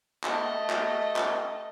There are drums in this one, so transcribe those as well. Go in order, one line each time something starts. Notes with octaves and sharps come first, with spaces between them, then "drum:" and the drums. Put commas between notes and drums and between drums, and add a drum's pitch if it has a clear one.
A3 D#5, drum: clap
drum: clap
drum: clap